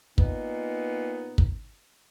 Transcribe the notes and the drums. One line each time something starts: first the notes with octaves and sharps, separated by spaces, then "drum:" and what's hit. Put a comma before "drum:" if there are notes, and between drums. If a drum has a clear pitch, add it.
A#2 B3 D#4, drum: kick
drum: kick